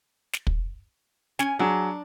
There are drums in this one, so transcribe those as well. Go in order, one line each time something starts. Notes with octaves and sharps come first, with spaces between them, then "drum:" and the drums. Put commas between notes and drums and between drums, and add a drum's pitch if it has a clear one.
drum: snare
drum: kick
C#4 G#5, drum: snare
F#3 D4 G#4